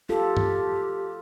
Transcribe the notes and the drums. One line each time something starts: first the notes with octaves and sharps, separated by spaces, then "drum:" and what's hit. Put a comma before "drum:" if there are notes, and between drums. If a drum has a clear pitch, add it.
F4 G4 A4
drum: tom G2